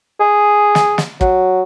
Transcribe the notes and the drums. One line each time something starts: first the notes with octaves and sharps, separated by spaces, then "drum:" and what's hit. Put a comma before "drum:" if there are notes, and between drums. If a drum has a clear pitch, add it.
G#4
drum: snare
drum: snare
F#3, drum: kick